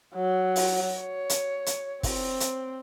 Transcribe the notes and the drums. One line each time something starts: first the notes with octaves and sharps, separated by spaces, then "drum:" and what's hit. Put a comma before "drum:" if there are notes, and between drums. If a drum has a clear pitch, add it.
F#3
drum: open hi-hat
C#5
drum: hi-hat
drum: hi-hat
C4, drum: kick, open hi-hat
drum: hi-hat